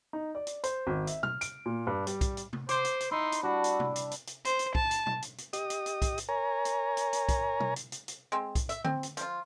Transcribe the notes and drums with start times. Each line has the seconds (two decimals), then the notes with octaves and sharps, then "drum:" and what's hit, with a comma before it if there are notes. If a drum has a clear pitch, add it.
0.13 D#4
0.35 D5
0.47 drum: hi-hat
0.64 C5, drum: hi-hat
0.87 G#1
1.07 E5, drum: hi-hat
1.23 F6, drum: tom B2
1.41 D7, drum: hi-hat
1.66 A#2
1.87 G2
2.07 G3, drum: hi-hat
2.21 drum: kick B1, hi-hat
2.37 drum: hi-hat
2.53 drum: tom C3
2.69 C5 D6, drum: hi-hat
2.85 drum: hi-hat
3.00 drum: hi-hat
3.11 D#4 E4 C6
3.32 drum: hi-hat
3.43 G3 D4 F#4
3.64 drum: hi-hat
3.80 drum: tom C3
3.96 drum: hi-hat
4.11 drum: hi-hat
4.27 drum: hi-hat
4.45 C5, drum: hi-hat
4.59 drum: hi-hat
4.75 A5, drum: kick B1
4.91 drum: hi-hat
5.07 drum: tom B2
5.22 drum: hi-hat
5.38 drum: hi-hat
5.53 G4 D#5 D#6, drum: hi-hat
5.70 drum: hi-hat
5.86 drum: hi-hat
6.02 drum: kick B1, hi-hat
6.18 drum: hi-hat
6.29 A#4 C#5 G#5 A#5
6.65 drum: hi-hat
6.97 drum: hi-hat
7.13 drum: hi-hat
7.29 drum: kick B1, hi-hat
7.60 drum: tom B2
7.76 drum: hi-hat
7.92 drum: hi-hat
8.08 drum: hi-hat
8.32 G#3 C4
8.55 drum: kick B1, hi-hat
8.69 E5, drum: hi-hat
8.85 C4, drum: tom D3
9.03 drum: hi-hat
9.17 F3 F4, drum: hi-hat